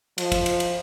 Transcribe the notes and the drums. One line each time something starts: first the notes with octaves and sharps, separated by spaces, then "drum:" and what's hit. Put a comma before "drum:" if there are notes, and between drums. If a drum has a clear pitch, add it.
F3, drum: cymbal
drum: kick, cymbal
drum: cymbal
drum: cymbal